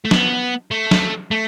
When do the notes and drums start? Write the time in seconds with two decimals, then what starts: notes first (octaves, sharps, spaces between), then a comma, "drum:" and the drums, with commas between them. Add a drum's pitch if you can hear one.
0.05 A3
0.11 B3, drum: snare
0.71 A3
0.91 drum: snare
1.31 A3